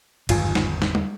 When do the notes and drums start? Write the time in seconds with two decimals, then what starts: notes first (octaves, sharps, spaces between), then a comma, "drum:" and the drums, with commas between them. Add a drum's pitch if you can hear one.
0.29 G#1 E2 G2 D3 F#3 F4 G#5, drum: cymbal
0.55 drum: snare
0.82 drum: snare
0.95 drum: tom